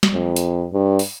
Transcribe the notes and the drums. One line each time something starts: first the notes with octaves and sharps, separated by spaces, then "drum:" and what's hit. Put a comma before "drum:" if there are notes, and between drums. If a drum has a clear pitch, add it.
drum: snare
F2
drum: hi-hat
G2
drum: open hi-hat